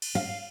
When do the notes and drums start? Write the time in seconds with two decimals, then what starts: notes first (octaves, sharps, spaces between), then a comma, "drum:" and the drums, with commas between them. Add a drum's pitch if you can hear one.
0.02 drum: cymbal
0.15 F5